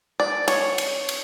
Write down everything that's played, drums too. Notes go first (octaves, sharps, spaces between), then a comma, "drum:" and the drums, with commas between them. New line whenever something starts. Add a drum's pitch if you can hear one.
D5
C#5, drum: cymbal
drum: cymbal
drum: cymbal